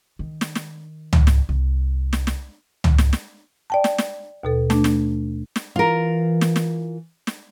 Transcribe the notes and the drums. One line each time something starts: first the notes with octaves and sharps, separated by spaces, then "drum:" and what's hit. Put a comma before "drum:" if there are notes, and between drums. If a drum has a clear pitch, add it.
D#3
drum: snare
drum: snare
drum: tom C#2
drum: snare
C2
drum: snare
drum: snare
drum: tom C#2
drum: snare
drum: snare
D5 G5 A5
drum: snare
drum: snare
D#2 B2 A4
A3 D4, drum: snare
drum: snare
drum: snare
E3 F4 A#4
drum: snare
drum: snare
drum: snare